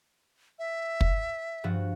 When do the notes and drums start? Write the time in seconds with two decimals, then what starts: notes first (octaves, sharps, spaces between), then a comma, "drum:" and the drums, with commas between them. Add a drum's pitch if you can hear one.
0.59 E5
1.01 drum: kick
1.64 G2 F3 F#4